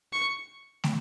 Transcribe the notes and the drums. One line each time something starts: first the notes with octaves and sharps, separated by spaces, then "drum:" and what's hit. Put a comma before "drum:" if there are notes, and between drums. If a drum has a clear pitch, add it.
C#6
drum: snare